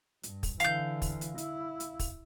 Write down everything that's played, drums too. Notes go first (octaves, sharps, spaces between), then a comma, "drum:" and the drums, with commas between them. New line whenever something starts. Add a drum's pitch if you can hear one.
G2, drum: hi-hat
drum: kick, open hi-hat
D3 E3 F5 G6, drum: hi-hat
drum: kick, open hi-hat
drum: hi-hat
E4, drum: hi-hat
drum: hi-hat
drum: kick, open hi-hat